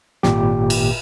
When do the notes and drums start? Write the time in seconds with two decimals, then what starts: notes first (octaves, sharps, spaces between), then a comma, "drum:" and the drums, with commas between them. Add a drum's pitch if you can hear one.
0.23 G#1 A#2 G4, drum: snare
0.70 drum: cymbal